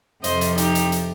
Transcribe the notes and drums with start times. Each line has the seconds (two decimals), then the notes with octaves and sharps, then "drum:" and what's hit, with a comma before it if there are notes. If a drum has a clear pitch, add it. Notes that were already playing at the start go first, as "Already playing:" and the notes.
0.24 F2 C3 F3 C5 D#5, drum: hi-hat
0.41 drum: hi-hat
0.58 D#4 G4, drum: hi-hat
0.75 drum: hi-hat
0.92 drum: hi-hat